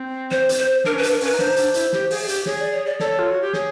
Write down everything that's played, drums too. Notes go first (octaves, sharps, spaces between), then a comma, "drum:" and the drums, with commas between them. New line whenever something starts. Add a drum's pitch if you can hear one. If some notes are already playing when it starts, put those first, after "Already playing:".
Already playing: C4
C5, drum: snare
drum: hi-hat
C5
D4 A#4, drum: snare
C#4
B4
D4, drum: hi-hat
A#4
C#4 B4, drum: open hi-hat
D#4
D4 C5, drum: snare
D#4
D4, drum: hi-hat
E4, drum: hi-hat
G4, drum: snare
G#4, drum: open hi-hat
G#4
G4, drum: hi-hat
G#4 C#5, drum: snare
D5
C#5
D5
A4 C#5, drum: snare
F4
F#4
G4
G#4, drum: snare